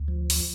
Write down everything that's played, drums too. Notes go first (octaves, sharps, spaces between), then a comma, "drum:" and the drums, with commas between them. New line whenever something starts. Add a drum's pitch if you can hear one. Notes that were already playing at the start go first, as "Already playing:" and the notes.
Already playing: D2
F3
drum: open hi-hat